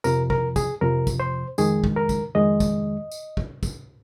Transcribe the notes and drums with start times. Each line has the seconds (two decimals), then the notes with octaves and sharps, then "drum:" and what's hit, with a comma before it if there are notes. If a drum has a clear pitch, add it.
0.04 F2 C3 F3 A#4, drum: tambourine
0.30 A#4, drum: kick
0.56 G#4, drum: kick, tambourine
0.81 F2 C3 F3 A#4
1.07 drum: kick, tambourine
1.20 C5
1.58 F2 D#3 G#3 G#4, drum: tambourine
1.84 drum: kick
1.96 A#4
2.09 drum: kick, tambourine
2.35 F2 D#3 G#3 D#5
2.60 drum: kick, tambourine
3.12 drum: tambourine
3.37 drum: kick
3.63 drum: kick, tambourine